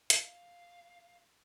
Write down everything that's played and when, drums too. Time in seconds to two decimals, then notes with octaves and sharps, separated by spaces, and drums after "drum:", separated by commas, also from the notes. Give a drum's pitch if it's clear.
0.10 F5, drum: hi-hat